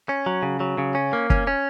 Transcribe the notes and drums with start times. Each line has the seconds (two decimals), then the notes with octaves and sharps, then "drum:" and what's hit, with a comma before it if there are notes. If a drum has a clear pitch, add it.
0.09 C#4
0.26 F#3
0.43 C#3
0.60 F#3
0.78 C#3
0.95 C#4
1.13 A#3
1.30 C#4, drum: kick
1.47 C#4